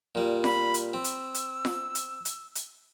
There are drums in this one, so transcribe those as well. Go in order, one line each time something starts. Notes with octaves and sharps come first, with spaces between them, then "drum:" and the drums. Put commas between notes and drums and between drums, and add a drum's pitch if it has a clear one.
A#2 G3
B5, drum: snare F4
drum: hi-hat
C4 E6
drum: hi-hat
drum: hi-hat
drum: snare F4
drum: hi-hat
drum: hi-hat
drum: hi-hat